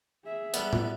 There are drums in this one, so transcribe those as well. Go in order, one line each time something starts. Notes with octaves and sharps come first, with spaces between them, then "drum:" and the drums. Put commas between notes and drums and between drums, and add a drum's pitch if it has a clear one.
G#4 E5
D3 G3 B3, drum: hi-hat
drum: tom A2